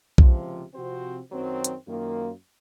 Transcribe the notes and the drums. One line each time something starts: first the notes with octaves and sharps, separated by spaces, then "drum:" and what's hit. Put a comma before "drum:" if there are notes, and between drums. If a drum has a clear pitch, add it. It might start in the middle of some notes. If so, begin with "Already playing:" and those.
C#2 C3 F3, drum: kick B1
C3 F3 C4 F#4 C5
F#2 D#3 F#3 C4
drum: hi-hat
F#2 D#3 A#3 F4